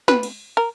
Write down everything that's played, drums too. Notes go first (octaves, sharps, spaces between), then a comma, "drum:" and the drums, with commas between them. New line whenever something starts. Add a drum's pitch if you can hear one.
B4, drum: snare
drum: cymbal
A#4